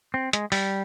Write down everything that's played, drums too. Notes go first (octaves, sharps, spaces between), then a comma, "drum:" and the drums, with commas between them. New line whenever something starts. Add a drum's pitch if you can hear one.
C4
G#3, drum: hi-hat
G3, drum: open hi-hat